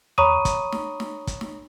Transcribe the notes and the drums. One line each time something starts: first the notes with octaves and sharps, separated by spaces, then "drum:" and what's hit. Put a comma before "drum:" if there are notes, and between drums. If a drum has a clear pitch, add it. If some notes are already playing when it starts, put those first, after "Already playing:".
C#5 A#5 B5 C#6 D#6 D#7, drum: tom E2
drum: kick, hi-hat
drum: snare
drum: snare
drum: kick, hi-hat
drum: snare